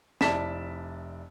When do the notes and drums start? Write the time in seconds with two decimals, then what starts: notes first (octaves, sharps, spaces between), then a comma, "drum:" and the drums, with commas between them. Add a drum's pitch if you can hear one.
0.21 F1 E4 D5 A5 B6 E7, drum: snare